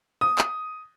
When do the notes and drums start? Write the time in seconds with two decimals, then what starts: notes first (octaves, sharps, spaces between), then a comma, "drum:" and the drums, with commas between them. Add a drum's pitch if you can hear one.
0.21 D#6
0.38 drum: clap